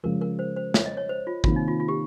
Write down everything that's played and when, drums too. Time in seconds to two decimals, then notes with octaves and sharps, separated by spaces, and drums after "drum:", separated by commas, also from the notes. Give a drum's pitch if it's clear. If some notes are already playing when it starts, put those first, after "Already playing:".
0.03 C#3 F3 G#3 A#4
0.21 A#4
0.39 C5
0.56 C5
0.74 C#5, drum: snare
0.86 D#5
0.97 C#5
1.09 C5
1.27 F4
1.44 C3 D#3 A#3 F4, drum: kick
1.56 D#4
1.68 F4
1.80 F4
1.88 G4